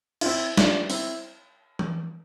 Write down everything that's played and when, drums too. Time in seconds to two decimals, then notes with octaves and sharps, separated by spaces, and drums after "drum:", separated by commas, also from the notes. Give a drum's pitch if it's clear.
0.21 F4, drum: cymbal
0.26 C4 E4
0.57 D4 F4, drum: snare
0.90 C4 E4, drum: open hi-hat
1.79 drum: tom E3